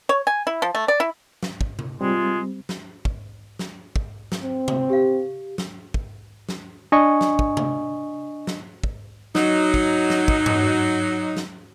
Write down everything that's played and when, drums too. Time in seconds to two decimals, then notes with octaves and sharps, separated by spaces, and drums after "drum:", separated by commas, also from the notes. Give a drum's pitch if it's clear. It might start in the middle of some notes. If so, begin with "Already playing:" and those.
0.09 C#5
0.27 G#5
0.47 E4
0.62 F3
0.75 A3
0.88 D5
1.00 E4
1.43 drum: snare
1.61 drum: kick
1.79 drum: tom C3
2.01 G3 G#3 C4 F4
2.69 drum: snare
3.05 drum: kick
3.59 drum: snare
3.96 drum: kick
4.32 drum: snare
4.43 C4
4.68 drum: tom C3
4.89 G4 F5
5.58 drum: snare
5.94 drum: kick
6.49 drum: snare
6.92 D4 D#5 G#5 C#6
7.21 drum: snare
7.39 drum: kick
7.57 drum: tom C3
8.47 drum: snare
8.84 drum: kick
9.35 F#3 D#4, drum: snare
9.74 drum: kick
10.10 drum: snare
10.28 drum: kick
10.46 drum: tom G2
11.37 drum: snare